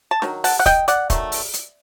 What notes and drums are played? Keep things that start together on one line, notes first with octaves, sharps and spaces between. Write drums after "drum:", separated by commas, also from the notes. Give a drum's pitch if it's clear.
A5
D#3 F#3, drum: snare
F#5 A5, drum: open hi-hat
F#5
D#5 G5, drum: kick, hi-hat
D5 F#5, drum: hi-hat
D#3 F#3 A3, drum: kick, hi-hat
drum: open hi-hat
drum: hi-hat